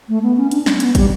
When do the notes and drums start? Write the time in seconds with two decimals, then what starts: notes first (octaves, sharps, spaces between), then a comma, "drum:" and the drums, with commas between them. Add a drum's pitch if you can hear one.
0.09 A3
0.23 B3
0.37 C#4
0.51 D4, drum: hi-hat
0.66 C#4, drum: snare
0.80 B3, drum: hi-hat
0.95 G3, drum: kick, hi-hat